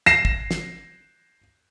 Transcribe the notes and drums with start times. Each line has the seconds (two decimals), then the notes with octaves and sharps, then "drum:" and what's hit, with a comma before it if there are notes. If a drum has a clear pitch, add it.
0.06 A#6 C7 E7, drum: snare
0.25 drum: kick
0.51 drum: snare